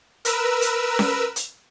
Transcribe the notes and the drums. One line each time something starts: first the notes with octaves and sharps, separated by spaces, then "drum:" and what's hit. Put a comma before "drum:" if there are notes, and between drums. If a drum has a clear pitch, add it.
A#4 B4 E6, drum: hi-hat
drum: hi-hat
drum: snare C#4
drum: hi-hat